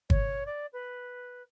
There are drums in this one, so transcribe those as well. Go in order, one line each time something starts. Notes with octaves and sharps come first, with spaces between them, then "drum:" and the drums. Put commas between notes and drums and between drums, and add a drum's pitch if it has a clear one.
C#5, drum: kick
D5
B4